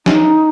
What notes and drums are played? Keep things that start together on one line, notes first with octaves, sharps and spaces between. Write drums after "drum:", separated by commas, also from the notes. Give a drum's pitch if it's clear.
D#4, drum: snare